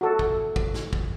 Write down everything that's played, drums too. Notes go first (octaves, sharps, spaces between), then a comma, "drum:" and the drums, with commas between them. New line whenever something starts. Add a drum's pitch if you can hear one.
F#4 A4
drum: kick
drum: kick
drum: snare
drum: kick